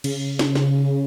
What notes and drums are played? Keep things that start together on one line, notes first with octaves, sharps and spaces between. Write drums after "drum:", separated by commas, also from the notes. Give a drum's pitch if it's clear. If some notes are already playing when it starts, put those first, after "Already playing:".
C#3, drum: cymbal
drum: snare
drum: snare